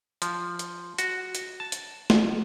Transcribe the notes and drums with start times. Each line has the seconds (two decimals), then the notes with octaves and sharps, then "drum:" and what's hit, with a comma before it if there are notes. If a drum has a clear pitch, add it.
0.22 F3, drum: hi-hat
0.59 drum: hi-hat
0.98 F#4, drum: hi-hat
1.35 drum: hi-hat
1.60 A5
1.72 drum: hi-hat
2.10 drum: snare